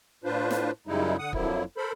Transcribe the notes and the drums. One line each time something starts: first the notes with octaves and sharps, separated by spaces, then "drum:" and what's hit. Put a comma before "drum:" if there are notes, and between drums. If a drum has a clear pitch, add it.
A2 D4 F4 B4 C5
drum: snare
F#2 C#3 G3 G#3 D#4 E4
D3 F#5 D#6
F2 D3 F3 F#3 A#3 E4, drum: kick
A4 A#4 C5 B5